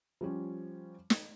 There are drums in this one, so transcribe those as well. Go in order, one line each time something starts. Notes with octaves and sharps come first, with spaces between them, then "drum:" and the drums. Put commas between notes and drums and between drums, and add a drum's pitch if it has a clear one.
F3 G3 C#4
drum: snare